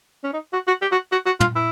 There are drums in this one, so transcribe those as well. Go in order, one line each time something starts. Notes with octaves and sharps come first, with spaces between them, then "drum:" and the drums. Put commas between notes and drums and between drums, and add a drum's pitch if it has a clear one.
C#4
D#4
F#4
F#4
G4
F#4
F#4
F#4
F4, drum: tom
E4